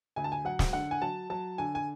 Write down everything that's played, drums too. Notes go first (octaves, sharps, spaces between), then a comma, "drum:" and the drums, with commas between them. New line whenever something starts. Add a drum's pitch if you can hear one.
D2 G#5
A5
G#5
F#3 F#5
drum: snare
D3 F#5
G#5
F#3 A5
F#3 A5
D3 G#5
G#5